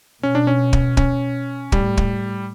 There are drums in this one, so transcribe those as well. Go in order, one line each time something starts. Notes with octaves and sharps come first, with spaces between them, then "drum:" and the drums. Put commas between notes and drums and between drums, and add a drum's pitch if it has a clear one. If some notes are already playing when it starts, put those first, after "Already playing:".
B2 C#4
D4
C#4
drum: kick
C#4, drum: kick
A2 G3, drum: kick
drum: kick